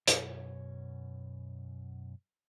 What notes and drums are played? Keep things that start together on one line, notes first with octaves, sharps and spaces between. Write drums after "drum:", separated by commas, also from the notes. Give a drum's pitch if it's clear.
F#2 B2 C#5, drum: hi-hat